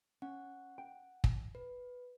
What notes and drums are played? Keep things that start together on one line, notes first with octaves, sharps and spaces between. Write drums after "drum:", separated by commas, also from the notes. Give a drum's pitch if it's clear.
C#4 F#5
G5
drum: kick
B4